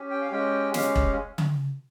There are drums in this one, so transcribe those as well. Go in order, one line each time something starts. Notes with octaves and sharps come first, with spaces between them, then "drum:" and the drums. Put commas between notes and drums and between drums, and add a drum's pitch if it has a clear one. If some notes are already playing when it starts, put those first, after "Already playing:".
Already playing: C#4 G4
G5
F5
G#3 C#4 G4 G5
G#3 C#4 G4 F5, drum: snare
drum: kick E1
drum: tom C#3